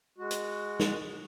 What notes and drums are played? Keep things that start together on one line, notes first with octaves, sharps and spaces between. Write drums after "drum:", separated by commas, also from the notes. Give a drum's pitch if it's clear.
G#3 F#4
drum: hi-hat
drum: snare